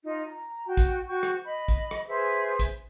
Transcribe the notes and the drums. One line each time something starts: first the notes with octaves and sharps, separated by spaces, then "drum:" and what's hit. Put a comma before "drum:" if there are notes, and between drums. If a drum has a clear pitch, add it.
D#4 F4
A#5
F#4 G5
drum: kick, hi-hat
F#4 G5 C#6 G6
drum: rim click
D#5 B5
drum: kick, hi-hat
drum: rim click
G#4 B4 C5 E5
drum: kick, hi-hat